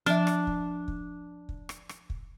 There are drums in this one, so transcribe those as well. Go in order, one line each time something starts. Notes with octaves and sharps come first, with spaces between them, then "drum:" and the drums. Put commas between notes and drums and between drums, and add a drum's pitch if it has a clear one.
F3 D4 E5, drum: rim click
drum: rim click
drum: kick
drum: kick
drum: kick
drum: rim click
drum: rim click
drum: kick